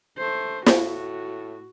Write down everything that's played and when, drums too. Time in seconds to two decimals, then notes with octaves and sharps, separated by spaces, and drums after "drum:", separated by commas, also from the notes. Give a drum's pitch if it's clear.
0.18 A3 C5
0.66 A2 F#4, drum: snare